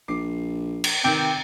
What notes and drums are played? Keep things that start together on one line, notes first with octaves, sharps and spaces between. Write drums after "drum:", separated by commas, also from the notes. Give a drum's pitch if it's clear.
A#1 D6 C7
drum: cymbal
C3 D#3 C4 G5 D6